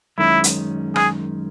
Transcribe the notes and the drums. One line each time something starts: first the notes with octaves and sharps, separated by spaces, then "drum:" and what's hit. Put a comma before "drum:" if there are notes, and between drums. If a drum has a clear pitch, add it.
F#2 D#3 G#3 C#4 E4
drum: hi-hat
G#4, drum: rim click